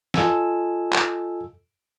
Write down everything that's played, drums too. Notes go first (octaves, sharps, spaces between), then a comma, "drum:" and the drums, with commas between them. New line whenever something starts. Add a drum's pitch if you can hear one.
F4 A4 D#5 G#5 E6, drum: snare
drum: clap